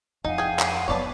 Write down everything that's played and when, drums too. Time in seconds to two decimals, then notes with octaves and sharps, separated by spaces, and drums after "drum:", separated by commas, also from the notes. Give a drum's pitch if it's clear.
0.25 F2 D#4 F5 F#5 G#5
0.38 G#4 G5
0.59 drum: clap
0.88 F#3 B3 B4 C#5 D5 A5